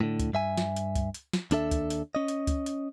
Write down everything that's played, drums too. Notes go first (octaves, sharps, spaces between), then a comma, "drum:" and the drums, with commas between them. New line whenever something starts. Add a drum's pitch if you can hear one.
A2 D3
drum: kick C#2, hi-hat
G2 E5 G#5
drum: snare
drum: hi-hat
drum: kick C#2, hi-hat
drum: hi-hat
drum: snare
D#2 D4 A4 E5, drum: hi-hat
drum: kick C#2, hi-hat
drum: hi-hat
C#4 D#5
drum: hi-hat
drum: kick C#2, hi-hat
drum: hi-hat